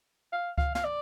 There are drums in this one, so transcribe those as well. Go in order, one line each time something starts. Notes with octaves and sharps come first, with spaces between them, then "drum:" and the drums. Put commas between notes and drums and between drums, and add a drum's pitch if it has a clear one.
F5
F5, drum: kick C#2
F5, drum: snare
D5